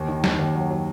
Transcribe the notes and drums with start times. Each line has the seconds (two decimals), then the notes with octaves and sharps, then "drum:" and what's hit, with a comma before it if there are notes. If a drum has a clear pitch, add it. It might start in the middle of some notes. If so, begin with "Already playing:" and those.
Already playing: D#2
0.08 D#3
0.24 D#2, drum: snare
0.39 D#2
0.55 F#3
0.70 F#3